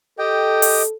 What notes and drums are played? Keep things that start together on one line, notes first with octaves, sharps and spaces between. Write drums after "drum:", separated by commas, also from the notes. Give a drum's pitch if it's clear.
G4 A4 D#5 G5
drum: open hi-hat